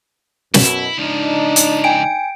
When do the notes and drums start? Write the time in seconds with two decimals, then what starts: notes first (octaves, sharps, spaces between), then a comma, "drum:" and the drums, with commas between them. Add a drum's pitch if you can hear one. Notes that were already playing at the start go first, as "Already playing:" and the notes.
0.54 F#2 B2 E4, drum: snare
0.98 C#2 F3 D4 D#4
1.56 drum: hi-hat
1.84 G5 G#5 D7